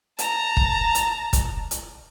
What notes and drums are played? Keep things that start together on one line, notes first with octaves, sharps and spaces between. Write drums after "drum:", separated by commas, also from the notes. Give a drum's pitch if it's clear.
A5 A#5, drum: hi-hat
drum: kick
drum: hi-hat
drum: kick, hi-hat
drum: hi-hat